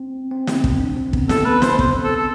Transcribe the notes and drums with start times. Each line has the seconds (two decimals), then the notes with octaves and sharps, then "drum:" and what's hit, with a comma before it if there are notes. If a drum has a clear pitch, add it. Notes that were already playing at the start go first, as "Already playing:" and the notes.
Already playing: C4
0.31 C4
0.47 drum: snare
0.64 drum: kick
0.80 D4
0.97 C4
1.13 B3, drum: kick
1.29 B3 A4, drum: snare
1.45 B4
1.62 C5, drum: snare
1.79 C5, drum: kick
2.04 A4
2.16 A4